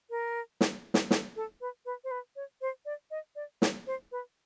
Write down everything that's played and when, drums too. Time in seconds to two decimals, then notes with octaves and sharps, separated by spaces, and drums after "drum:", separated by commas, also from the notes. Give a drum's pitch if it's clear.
0.10 A#4
0.61 drum: snare
0.94 drum: snare
1.11 A4, drum: snare
1.36 A4
1.61 B4
1.86 B4
2.04 C5
2.11 B4
2.36 C#5
2.61 C5
2.85 D5
3.11 D#5
3.36 D5
3.62 C#5, drum: snare
3.87 C5
4.12 B4